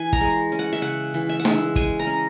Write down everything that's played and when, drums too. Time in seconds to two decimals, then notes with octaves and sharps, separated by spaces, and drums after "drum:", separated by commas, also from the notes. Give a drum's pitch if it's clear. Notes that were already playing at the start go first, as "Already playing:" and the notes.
Already playing: E3 G#5
0.13 A#5, drum: kick
0.21 G#3
0.52 C#4
0.59 F#5
0.73 E5
0.82 C#3 F#5
1.14 E3
1.29 E5
1.40 F#5
1.45 G#3, drum: snare
1.51 E5
1.76 G#3 G#5, drum: kick
1.99 A#5
2.07 C#4